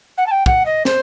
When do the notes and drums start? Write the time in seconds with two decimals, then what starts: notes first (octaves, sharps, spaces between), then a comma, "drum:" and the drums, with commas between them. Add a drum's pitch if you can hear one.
0.17 F#5
0.26 A5
0.31 G5
0.46 F#5, drum: kick
0.66 D#5
0.85 C5, drum: snare